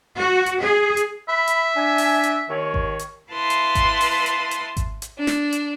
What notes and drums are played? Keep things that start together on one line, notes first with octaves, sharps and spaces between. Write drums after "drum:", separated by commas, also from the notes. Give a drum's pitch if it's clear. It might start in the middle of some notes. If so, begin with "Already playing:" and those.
F#4
drum: hi-hat
G#4
drum: hi-hat
E5 B5
drum: hi-hat
D4 G#5
drum: open hi-hat
drum: hi-hat
D#2 D#3 C#5
drum: kick G#1
drum: hi-hat
E4 B4 F5 A5 C6 D#6
drum: hi-hat
drum: kick G#1, hi-hat
drum: open hi-hat
drum: hi-hat
drum: hi-hat
drum: kick G#1, hi-hat
drum: hi-hat
D4
drum: snare
drum: hi-hat